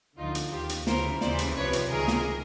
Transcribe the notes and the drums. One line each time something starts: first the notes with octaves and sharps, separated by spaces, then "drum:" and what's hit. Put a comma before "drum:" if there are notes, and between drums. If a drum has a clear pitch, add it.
D2 D3 F3 D#4 F4
drum: hi-hat
D#2 D#3 F4 G4
drum: hi-hat
D2 C#3 E3 A#4 C5, drum: snare
D#2 C#3 E3 C5 D5, drum: snare
drum: hi-hat
C2 C3 F3 B4 C#5
drum: hi-hat
C#2 C3 D#3 G#4 A#4
drum: snare